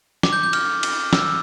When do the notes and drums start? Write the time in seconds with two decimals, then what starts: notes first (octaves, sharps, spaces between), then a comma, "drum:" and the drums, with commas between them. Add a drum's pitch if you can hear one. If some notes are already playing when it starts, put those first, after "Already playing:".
0.23 D6, drum: snare
0.33 G6
0.43 G6
0.53 F6, drum: cymbal
0.83 drum: cymbal
1.13 E6, drum: snare